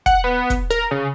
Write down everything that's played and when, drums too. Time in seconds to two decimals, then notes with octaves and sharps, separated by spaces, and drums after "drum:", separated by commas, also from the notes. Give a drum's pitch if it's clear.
0.06 F#5, drum: kick, hi-hat
0.24 B3
0.50 drum: kick, hi-hat
0.70 A#4, drum: hi-hat
0.91 C#3